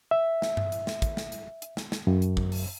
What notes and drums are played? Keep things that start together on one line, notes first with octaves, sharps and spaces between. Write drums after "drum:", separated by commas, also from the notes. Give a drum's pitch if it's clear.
E5
drum: snare
drum: tom G2
drum: hi-hat
drum: snare
drum: kick, hi-hat
drum: snare
drum: hi-hat
drum: hi-hat
drum: snare
drum: snare
F#2
drum: hi-hat
drum: kick
drum: open hi-hat